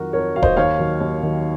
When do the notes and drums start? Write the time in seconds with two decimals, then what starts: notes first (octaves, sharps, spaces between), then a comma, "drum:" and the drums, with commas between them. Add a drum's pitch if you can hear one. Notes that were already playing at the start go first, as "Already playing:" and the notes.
Already playing: F2 D#3 F#3 F#4 A#4
0.13 F2 A#4 C#5
0.35 D#3 F#3 F5
0.42 C5 D#5, drum: kick D#1
0.57 D#2 C#5 F5
0.78 D#3 F#3
1.00 D#2
1.22 D#3 F#3